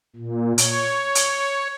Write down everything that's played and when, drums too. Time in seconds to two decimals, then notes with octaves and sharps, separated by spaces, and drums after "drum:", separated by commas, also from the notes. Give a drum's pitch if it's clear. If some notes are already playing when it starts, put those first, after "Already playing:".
0.16 A#2
0.58 C#5, drum: hi-hat
1.15 drum: hi-hat